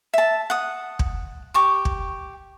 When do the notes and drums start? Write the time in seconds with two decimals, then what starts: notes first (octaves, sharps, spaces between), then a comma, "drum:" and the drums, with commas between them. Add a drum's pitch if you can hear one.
0.14 E5 A5
0.50 F#5 D#6
0.99 drum: kick
1.54 G4 C#6 D6
1.85 drum: kick